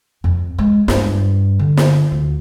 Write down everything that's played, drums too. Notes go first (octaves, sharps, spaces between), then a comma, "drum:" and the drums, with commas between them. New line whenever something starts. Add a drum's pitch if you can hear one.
F2
G#3
G2, drum: snare
D3
drum: snare
D2